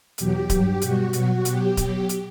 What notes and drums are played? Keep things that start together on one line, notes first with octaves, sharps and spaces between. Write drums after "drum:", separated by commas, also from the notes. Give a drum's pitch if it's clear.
E2 B2 F#3 G4, drum: hi-hat
G2 F#3 G4, drum: kick D1, hi-hat
B2 G3 F#4, drum: hi-hat
B2 F#3 F#4, drum: hi-hat
B2 F#3 G4, drum: hi-hat
B2 F#3, drum: kick D1, hi-hat
drum: hi-hat